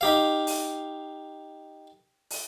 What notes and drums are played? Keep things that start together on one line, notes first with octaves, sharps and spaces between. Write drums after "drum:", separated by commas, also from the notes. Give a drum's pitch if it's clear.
D#4 G4 F5
drum: open hi-hat
drum: open hi-hat